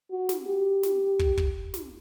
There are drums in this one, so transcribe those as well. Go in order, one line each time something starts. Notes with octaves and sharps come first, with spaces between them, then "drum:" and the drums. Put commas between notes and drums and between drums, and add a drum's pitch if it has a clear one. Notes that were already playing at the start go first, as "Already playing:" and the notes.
F#4
drum: snare
G4
drum: snare
drum: kick
drum: kick
drum: snare